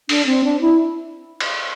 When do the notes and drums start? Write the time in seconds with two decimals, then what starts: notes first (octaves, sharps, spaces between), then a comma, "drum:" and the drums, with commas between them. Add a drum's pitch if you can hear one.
0.09 D4, drum: open hi-hat
0.26 C4
0.44 D4
0.61 E4
1.40 drum: cymbal